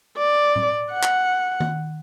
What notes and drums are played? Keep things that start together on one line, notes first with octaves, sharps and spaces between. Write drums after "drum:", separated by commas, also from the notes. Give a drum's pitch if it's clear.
D5
drum: tom A2
F#5
drum: clap
drum: tom D#3